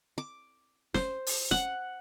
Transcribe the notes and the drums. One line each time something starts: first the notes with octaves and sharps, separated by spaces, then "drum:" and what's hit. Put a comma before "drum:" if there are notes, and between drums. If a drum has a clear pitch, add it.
D6
C5, drum: snare
drum: open hi-hat
F#5, drum: snare